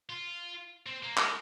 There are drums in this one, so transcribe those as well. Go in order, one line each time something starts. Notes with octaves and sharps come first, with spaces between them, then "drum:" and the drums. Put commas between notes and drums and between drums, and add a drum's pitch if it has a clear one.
F4
C4
A#3
G#3, drum: clap